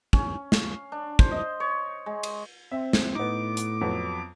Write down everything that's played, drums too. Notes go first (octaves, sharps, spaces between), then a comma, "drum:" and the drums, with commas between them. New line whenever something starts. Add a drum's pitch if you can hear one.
C#4, drum: kick
F5, drum: snare
D4
C5, drum: kick
D#5
C#5
G#3
drum: cymbal
C4 E5
drum: snare
A2 B3 D#4 D6
drum: hi-hat
F2 F#3 B3